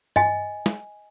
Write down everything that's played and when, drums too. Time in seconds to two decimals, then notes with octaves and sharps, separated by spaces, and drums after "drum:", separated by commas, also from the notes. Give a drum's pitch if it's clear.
0.16 D#5 G#5, drum: tom G2
0.66 drum: snare